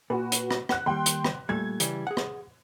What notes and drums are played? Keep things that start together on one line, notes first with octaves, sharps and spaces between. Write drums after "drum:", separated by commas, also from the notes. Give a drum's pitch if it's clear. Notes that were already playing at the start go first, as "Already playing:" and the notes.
A#2 F#4 B4
drum: hi-hat
drum: rim click
F#5 F#6, drum: rim click
D#2 G3 G5 C6
drum: hi-hat
drum: rim click
A#2 G3 A3 G#6
C#3 E3 G3, drum: hi-hat
G#4 F#5
drum: rim click